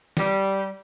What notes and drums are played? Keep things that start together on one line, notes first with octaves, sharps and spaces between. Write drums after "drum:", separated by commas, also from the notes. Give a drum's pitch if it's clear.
G3, drum: snare